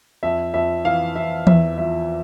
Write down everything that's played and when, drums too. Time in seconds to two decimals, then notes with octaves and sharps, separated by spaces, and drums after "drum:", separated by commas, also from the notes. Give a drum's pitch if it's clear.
0.23 F2 E5
0.54 F2 E5
0.85 E3 F5
1.15 E3 E5
1.47 E2 E5, drum: tom E3
1.78 F3 E5